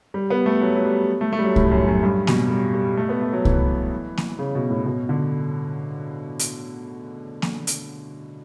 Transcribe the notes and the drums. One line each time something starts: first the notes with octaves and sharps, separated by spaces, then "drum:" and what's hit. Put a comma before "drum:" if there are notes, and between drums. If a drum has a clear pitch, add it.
G3
B3
A3
F#3
F#3
G3
A3
A3
G3
F#3
A2, drum: kick C2
F#2
F#2
G2
B2, drum: snare A#3
G3
G3
A3
B3
A3
F#3
E3, drum: kick C2
drum: snare A#3
C#3
B2
A2
B2
D3
drum: hi-hat
drum: snare A#3
drum: hi-hat